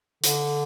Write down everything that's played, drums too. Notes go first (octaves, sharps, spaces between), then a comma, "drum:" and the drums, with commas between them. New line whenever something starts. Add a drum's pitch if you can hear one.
D3, drum: hi-hat